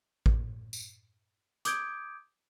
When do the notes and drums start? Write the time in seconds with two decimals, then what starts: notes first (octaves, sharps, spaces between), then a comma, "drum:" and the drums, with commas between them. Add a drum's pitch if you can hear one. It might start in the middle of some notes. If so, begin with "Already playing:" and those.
0.26 drum: kick A1
0.73 drum: tambourine
1.65 D6 D#6 G6 G#6 D7, drum: hi-hat